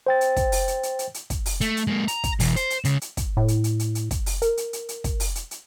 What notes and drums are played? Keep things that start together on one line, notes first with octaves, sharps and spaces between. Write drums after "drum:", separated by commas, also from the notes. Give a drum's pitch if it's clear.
C5 G5 A6
drum: hi-hat
drum: kick, hi-hat
drum: open hi-hat
drum: hi-hat
drum: hi-hat
drum: hi-hat
drum: hi-hat
drum: kick, hi-hat
drum: open hi-hat
A3, drum: hi-hat
drum: hi-hat
G#3 A#3
A#5, drum: hi-hat
drum: kick, hi-hat
B2 E3, drum: open hi-hat
C5, drum: hi-hat
drum: hi-hat
C#2 C#3, drum: hi-hat
drum: hi-hat
drum: kick, hi-hat
A2
drum: hi-hat
drum: hi-hat
drum: hi-hat
drum: hi-hat
drum: kick, hi-hat
drum: open hi-hat
A#4, drum: hi-hat
drum: hi-hat
drum: hi-hat
drum: hi-hat
drum: kick, hi-hat
drum: open hi-hat
drum: hi-hat
drum: hi-hat